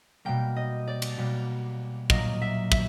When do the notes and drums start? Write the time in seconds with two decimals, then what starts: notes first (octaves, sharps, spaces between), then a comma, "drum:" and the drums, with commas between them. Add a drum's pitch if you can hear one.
0.25 B2 G3 A#3 G5
0.56 D#5
0.88 D5
1.02 drum: cymbal
1.18 B2 G3 A#3
2.10 A#2 F#3 A#3 D#5, drum: kick
2.42 E5
2.72 E5, drum: kick